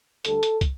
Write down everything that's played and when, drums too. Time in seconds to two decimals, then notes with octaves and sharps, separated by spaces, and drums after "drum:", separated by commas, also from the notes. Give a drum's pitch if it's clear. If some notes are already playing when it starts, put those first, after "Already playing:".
0.25 D2 D3 G3 A4, drum: hi-hat
0.43 drum: hi-hat
0.61 drum: kick, hi-hat